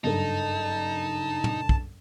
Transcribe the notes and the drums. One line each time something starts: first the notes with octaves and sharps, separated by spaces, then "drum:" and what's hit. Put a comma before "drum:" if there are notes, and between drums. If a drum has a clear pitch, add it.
F#1 G2 D#4 A4 A5
drum: tom
drum: kick